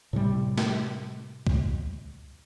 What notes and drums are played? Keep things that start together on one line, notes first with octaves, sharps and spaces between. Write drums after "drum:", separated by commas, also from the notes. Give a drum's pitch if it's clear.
A2 C3 G3
drum: snare
drum: kick